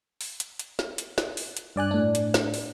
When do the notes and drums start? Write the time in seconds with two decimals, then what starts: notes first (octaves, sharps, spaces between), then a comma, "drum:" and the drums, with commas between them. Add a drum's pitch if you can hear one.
0.21 drum: open hi-hat
0.40 drum: hi-hat
0.59 drum: hi-hat
0.79 drum: snare
0.98 drum: hi-hat
1.18 drum: snare
1.37 drum: open hi-hat
1.57 drum: hi-hat
1.76 G2 D5 G#5 F#6
1.91 A2 D4
2.15 drum: hi-hat
2.34 drum: snare
2.54 drum: open hi-hat